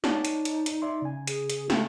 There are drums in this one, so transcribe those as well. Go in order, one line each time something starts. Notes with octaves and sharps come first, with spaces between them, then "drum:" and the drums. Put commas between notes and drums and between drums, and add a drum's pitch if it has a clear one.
D#4 C#5 D5 A5, drum: snare
drum: hi-hat
drum: hi-hat
drum: hi-hat
D5 E5 C6
C#3 G#5
G#4, drum: hi-hat
drum: hi-hat
A3, drum: snare